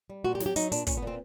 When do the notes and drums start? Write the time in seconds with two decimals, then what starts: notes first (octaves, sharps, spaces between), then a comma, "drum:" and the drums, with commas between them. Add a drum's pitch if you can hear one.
0.10 G3
0.24 A#2 F#4
0.35 G4
0.40 F#3, drum: snare
0.46 G4
0.56 F#3 D#4, drum: hi-hat
0.72 A#2 D4, drum: hi-hat
0.87 A#2 C#4, drum: kick, hi-hat
0.97 B3
1.02 A#2 C4